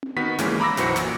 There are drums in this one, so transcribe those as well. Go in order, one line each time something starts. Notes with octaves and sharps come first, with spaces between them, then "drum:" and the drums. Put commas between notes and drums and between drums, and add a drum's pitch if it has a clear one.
drum: tom C4
D#3 B3 F#4 B6
C#2 G2 E3 G#3 A#3 C#4, drum: snare
A#5 B5 D6 E6 A#6
B1 F#2 E3 F#4 C5 C#7, drum: snare
A#2, drum: snare